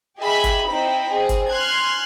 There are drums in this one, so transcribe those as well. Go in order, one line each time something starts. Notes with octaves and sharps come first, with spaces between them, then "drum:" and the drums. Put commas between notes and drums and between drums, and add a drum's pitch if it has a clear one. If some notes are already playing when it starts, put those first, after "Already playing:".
G4 G#4 D#5 E5 G#5 B5
drum: kick F#1, hi-hat
C4 D#4 E4 D#5 G5 B5
C4 G#4
drum: kick F#1, hi-hat
G#5 C6 F6 F#6 G#6